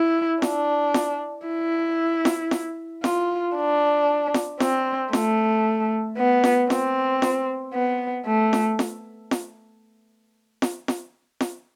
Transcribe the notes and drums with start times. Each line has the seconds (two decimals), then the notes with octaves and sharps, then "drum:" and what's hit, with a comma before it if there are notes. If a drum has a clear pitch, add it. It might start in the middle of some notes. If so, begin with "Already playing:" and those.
Already playing: E4
0.42 D4, drum: snare F4
0.94 drum: snare F4
1.47 E4
2.25 drum: snare F4
2.51 drum: snare F4
3.04 F4, drum: snare F4
3.56 D4
4.34 drum: snare F4
4.60 C4, drum: snare F4
5.13 A3, drum: snare F4
6.17 B3
6.44 drum: snare F4
6.70 C4, drum: snare F4
7.22 drum: snare F4
7.74 B3
8.27 A3
8.53 drum: snare F4
8.79 drum: snare F4
9.31 drum: snare F4
10.62 drum: snare F4
10.88 drum: snare F4
11.41 drum: snare F4